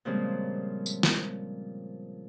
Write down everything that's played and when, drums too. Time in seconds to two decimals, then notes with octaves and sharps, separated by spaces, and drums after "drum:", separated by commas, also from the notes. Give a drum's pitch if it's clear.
0.05 A#2 C#3 F3 G3 G#3 C4
0.86 drum: tambourine
1.03 drum: snare